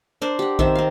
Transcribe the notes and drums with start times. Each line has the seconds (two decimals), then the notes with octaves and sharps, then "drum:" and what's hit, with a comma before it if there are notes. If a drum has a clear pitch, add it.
0.22 D4 A#4 C5 D5
0.39 G4 F#5
0.59 D#3 C4 E5, drum: kick A#1
0.75 C4 F5